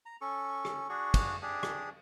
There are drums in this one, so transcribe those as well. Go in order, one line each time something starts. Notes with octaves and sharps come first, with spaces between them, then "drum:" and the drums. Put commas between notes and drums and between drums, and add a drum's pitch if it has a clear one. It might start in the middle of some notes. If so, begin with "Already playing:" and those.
A#5
C#4 A4 C#6
drum: rim click
D4 F#4 G#4 C#6
drum: kick, cymbal
D4 G4 G#4
drum: rim click